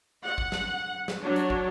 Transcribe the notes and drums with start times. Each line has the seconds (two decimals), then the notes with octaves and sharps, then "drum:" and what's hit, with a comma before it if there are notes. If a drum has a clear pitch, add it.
0.23 F#5
0.38 drum: kick
0.52 drum: snare
1.08 drum: snare
1.22 F#3 D4 C#5
1.36 drum: hi-hat
1.50 drum: kick